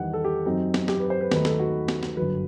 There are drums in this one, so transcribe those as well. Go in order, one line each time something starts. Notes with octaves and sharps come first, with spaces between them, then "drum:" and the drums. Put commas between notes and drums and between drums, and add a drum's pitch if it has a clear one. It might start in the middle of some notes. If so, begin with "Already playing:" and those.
Already playing: E2 D#3 G3 F#5
A4
G4
F#2 F#3 C4 D#4
drum: snare
G4, drum: snare
B4
C5
B4
D#2 D#3 F#3 A3 D#4 B4, drum: snare
A4, drum: snare
F#4
drum: snare
drum: snare
G1 F#2 F#3 B4